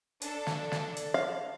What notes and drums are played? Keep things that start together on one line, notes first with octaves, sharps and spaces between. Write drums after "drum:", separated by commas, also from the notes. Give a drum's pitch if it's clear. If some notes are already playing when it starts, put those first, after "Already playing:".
D4 A4, drum: hi-hat
drum: snare
drum: snare
drum: hi-hat
F5